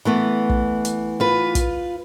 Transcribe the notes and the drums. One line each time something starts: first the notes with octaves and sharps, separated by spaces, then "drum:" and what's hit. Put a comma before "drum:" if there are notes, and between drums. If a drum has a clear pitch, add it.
E3 A3 B3
drum: kick
drum: hi-hat
F4 B4
drum: kick, hi-hat